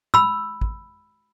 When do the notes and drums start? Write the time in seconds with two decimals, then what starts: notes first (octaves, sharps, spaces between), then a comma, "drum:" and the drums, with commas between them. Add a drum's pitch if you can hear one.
0.14 B5 E6, drum: tom
0.61 drum: kick